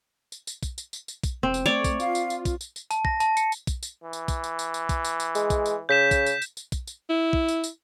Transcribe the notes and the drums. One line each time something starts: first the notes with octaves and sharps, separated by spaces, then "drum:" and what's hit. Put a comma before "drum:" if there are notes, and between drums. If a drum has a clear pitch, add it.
drum: tambourine
drum: tambourine
drum: kick, tambourine
drum: tambourine
drum: tambourine
drum: tambourine
drum: kick, tambourine
E1 C4
drum: tambourine
A3 C#5 D5
drum: kick, tambourine
F4 F5, drum: tambourine
drum: tambourine
drum: tambourine
drum: kick, tambourine
drum: tambourine
drum: tambourine
A5, drum: tambourine
A#6, drum: kick
A5, drum: tambourine
C#7, drum: tambourine
drum: tambourine
drum: kick, tambourine
drum: tambourine
E3
drum: tambourine
drum: kick, tambourine
drum: tambourine
drum: tambourine
drum: tambourine
drum: kick, tambourine
drum: tambourine
drum: tambourine
G#3, drum: tambourine
drum: kick, tambourine
drum: tambourine
C#3 G6 B6 E7
drum: kick, tambourine
drum: tambourine
drum: tambourine
drum: tambourine
drum: kick, tambourine
drum: tambourine
E4
drum: kick
drum: tambourine
drum: tambourine